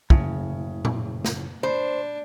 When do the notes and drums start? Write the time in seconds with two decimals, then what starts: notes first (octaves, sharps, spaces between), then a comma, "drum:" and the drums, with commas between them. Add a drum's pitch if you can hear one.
0.10 F#1 A2 C#3, drum: kick
0.85 drum: tom A#2
1.25 drum: snare
1.63 D4 C5 B5